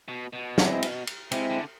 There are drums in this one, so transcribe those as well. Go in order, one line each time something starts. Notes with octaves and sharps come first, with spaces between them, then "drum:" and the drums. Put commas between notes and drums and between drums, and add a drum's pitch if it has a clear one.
B2
B2
G#3 C4 E4, drum: snare
drum: cymbal
drum: cymbal
C3 G#3 C4 E4, drum: cymbal
D3